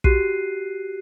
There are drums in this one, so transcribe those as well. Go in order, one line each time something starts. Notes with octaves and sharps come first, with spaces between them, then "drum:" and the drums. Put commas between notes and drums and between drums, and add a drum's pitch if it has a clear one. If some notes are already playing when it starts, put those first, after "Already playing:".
F#4 G4 F#6 C7 D#7, drum: kick